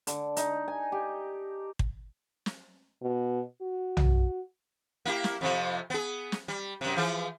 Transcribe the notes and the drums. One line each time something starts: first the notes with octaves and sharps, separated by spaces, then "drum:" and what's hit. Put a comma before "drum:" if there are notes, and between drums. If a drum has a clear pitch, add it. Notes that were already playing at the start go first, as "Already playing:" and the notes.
D3, drum: hi-hat
D#4, drum: hi-hat
G#5
G4
drum: kick
drum: snare
B2
F#4
drum: tom
A#3 E4 G4
drum: snare
F2 C3 F3
B3 G#4
drum: snare
G3
F#2 C3
E3 F3 G#4